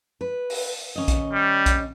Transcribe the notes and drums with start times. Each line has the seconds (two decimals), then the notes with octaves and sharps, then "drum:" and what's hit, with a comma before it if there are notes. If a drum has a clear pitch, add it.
0.21 B4
0.50 drum: open hi-hat
0.96 D#3 C#4 D#5
1.08 drum: kick A#1, hi-hat
1.32 G3
1.66 drum: kick A#1, hi-hat